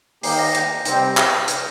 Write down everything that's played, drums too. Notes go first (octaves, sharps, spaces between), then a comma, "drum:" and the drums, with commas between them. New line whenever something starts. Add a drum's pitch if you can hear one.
D#3 A#3 D#4 G4 C7, drum: open hi-hat
A#6
G6, drum: hi-hat
C3 G3 C4 G4, drum: hi-hat
G6, drum: clap
F6
G6, drum: hi-hat